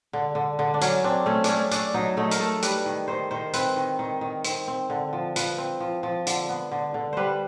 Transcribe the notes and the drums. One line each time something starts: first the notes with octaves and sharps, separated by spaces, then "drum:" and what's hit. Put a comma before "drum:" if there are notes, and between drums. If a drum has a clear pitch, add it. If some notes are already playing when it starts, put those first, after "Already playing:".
D3
D3
D3
D4
F#3 C#4, drum: hi-hat
C4 D4
A3 C#4
A3 C#4 D4, drum: hi-hat
A3 D4, drum: hi-hat
F#3 D#4
A3 D#4
A#4, drum: hi-hat
A3 A4
G3 B4, drum: hi-hat
D#3
D#3 C5
D#3 C5
C4 B4, drum: hi-hat
D#3
D#3
D#3
C4, drum: hi-hat
C4
D3
F3
F3 B4, drum: hi-hat
C4
F3
F3
D3, drum: hi-hat
B3
D3
D3
G3 B4 C5